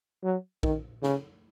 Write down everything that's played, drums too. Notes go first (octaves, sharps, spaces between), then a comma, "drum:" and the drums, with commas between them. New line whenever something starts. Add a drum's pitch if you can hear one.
F#3
D#3, drum: kick A#1
C#3, drum: snare